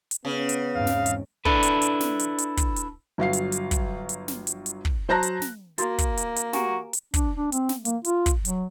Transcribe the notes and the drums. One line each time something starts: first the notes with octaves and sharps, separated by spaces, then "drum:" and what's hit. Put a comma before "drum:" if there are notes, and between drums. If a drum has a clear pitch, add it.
drum: hi-hat
C#3 B3
drum: hi-hat
E2 G#2 C4 F5
drum: snare
drum: hi-hat
D4 E4 A4 B4, drum: kick
drum: hi-hat
drum: hi-hat
drum: snare
drum: hi-hat
drum: hi-hat
drum: kick, hi-hat
drum: hi-hat
G1 F#3 F5 C7
drum: hi-hat
drum: hi-hat
drum: kick, hi-hat
drum: hi-hat
drum: snare
drum: hi-hat
drum: hi-hat
drum: kick
F#3 C5 A5 A#5 F#6 A#6
drum: hi-hat
drum: snare
A#3 E4 F#4, drum: hi-hat
drum: kick, hi-hat
drum: hi-hat
drum: hi-hat
F#4 G4 G#5 A#5, drum: snare
drum: hi-hat
D4, drum: kick, hi-hat
D4
C4, drum: hi-hat
drum: snare
A#3, drum: hi-hat
F4, drum: hi-hat
drum: kick, hi-hat
F#3, drum: hi-hat